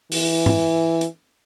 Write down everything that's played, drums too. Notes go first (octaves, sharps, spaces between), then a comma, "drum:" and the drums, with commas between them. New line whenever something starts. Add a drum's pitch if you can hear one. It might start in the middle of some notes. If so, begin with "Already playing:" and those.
E3, drum: open hi-hat
drum: tom G#2
drum: hi-hat